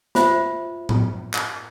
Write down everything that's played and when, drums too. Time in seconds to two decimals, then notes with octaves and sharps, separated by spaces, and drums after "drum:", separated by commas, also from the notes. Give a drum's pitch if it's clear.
0.15 F4 C5 E5, drum: snare
0.89 drum: tom A2
1.34 drum: clap